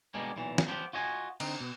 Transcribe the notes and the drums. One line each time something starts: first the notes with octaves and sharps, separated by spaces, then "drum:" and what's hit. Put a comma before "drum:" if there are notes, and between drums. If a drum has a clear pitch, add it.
B2 D3 G3 G#3 A#3
B1 A#2 E3
drum: snare
F3 B3 G4
F4 F#4 D#5 G#5
D3 C4 D#4, drum: cymbal
B2